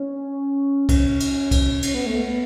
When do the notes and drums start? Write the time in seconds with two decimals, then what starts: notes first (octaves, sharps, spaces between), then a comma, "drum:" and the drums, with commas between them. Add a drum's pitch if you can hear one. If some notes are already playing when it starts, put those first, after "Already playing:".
Already playing: C#4
0.89 C#4, drum: kick C2, cymbal
1.20 drum: cymbal
1.51 drum: kick C2, cymbal
1.82 C#4, drum: cymbal
1.94 B3
2.06 A3
2.18 B3